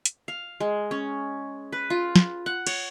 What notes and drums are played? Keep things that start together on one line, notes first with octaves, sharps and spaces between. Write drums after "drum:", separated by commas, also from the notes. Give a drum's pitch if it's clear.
drum: hi-hat
F5
G#3
C#4
B4
F4
drum: snare
F#5
C#5, drum: cymbal